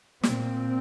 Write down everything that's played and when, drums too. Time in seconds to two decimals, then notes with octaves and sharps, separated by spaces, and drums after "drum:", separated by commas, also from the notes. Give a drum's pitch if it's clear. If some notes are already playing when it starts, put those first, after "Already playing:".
0.23 A#2 C4, drum: snare